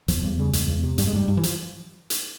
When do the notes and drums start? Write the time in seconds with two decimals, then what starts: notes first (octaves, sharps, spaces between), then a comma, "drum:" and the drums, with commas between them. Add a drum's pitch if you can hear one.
0.08 E2 F3, drum: hi-hat
0.23 E2 G3
0.38 C#3 G3
0.53 E2 G#3, drum: hi-hat
0.68 E2
0.83 C3
0.98 G2 G3, drum: hi-hat
1.07 G#3
1.13 G2 G3
1.28 G2
1.37 E3
1.43 F3, drum: hi-hat
2.10 drum: hi-hat